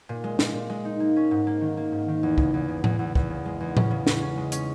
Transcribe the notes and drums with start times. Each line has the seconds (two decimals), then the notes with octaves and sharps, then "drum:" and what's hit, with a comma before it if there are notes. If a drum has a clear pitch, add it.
0.09 A#2
0.24 G#3
0.39 A#2, drum: snare
0.54 A#2
0.70 G#3
0.85 D#4
1.00 A#3
1.16 C#4
1.31 G#2
1.47 A#3
1.61 D#3
1.77 A#3
1.92 G#2
2.08 D#3
2.23 E2
2.38 C#3, drum: kick
2.54 E2
2.68 C#3
2.84 E2, drum: tom A2
2.99 E2
3.15 E2, drum: kick
3.30 C#3
3.45 G#3
3.60 E2
3.77 C#4, drum: tom A2
3.91 C#3
4.07 C#4, drum: snare
4.22 C#4
4.38 G#3
4.52 C#4, drum: hi-hat